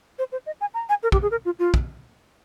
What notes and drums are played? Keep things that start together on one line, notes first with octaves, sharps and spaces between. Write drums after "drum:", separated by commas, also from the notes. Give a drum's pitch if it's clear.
C5
C5
D#5
G#5
A#5
G#5
A#4
G4, drum: kick
G#4
A#4
F4
F4
drum: kick